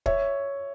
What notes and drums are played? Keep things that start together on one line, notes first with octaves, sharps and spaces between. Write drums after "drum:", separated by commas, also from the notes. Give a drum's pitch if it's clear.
C#5 E5, drum: kick